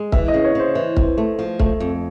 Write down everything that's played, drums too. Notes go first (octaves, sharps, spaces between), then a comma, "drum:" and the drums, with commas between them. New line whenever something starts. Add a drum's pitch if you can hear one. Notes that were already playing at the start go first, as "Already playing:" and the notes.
Already playing: G#3
E3 E5, drum: kick
D#5
C#3
C#5
C#3 C5
E3
C4, drum: kick
A3
F3
A3, drum: kick
F2